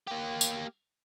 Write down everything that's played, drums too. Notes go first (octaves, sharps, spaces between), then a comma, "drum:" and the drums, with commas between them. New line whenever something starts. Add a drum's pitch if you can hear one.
A#3 G4
drum: tambourine